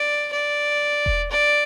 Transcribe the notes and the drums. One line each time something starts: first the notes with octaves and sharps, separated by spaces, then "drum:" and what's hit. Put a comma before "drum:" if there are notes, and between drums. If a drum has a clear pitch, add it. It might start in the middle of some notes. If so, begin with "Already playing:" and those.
Already playing: D5
D5
drum: kick E1
D5